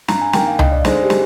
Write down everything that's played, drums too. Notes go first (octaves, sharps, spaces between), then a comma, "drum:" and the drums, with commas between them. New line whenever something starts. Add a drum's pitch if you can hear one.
G2 A#5, drum: snare
G#5
D#3 A#3 G5, drum: snare
F5
G2 D#5, drum: tom C#2
D5
D3 G#3 D#4 C5, drum: snare
G4
G#4, drum: snare